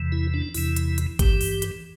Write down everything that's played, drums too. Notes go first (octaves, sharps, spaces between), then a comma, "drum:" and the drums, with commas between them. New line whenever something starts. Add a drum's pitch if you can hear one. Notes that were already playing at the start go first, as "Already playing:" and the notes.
Already playing: E2 C3 E3
E4
D4
E2 C3 E3 E4, drum: open hi-hat
drum: hi-hat
drum: hi-hat
G2 E3 G4, drum: kick G#1, hi-hat
drum: open hi-hat
drum: hi-hat